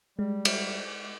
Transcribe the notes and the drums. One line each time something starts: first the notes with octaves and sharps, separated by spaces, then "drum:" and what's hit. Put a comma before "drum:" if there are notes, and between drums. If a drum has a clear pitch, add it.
G3 G#3
drum: cymbal